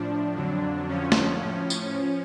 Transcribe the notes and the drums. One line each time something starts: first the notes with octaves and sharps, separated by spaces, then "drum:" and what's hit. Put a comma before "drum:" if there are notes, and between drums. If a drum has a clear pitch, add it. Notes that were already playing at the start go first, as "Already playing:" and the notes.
Already playing: A2 F3 D4
F2 D3 F#3
F2 D3 F3 C#4
drum: snare
A2 F3
drum: tambourine
F3